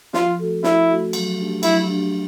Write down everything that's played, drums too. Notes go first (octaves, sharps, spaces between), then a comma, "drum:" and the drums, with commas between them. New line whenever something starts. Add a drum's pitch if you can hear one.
F3 F4, drum: snare
A3 C#4 F#4 A4
F3 E4, drum: snare
A3 C#4 F#4 A4
F#3, drum: cymbal
A3 D4 G4
F#3 E4, drum: cymbal
A3 D4 G4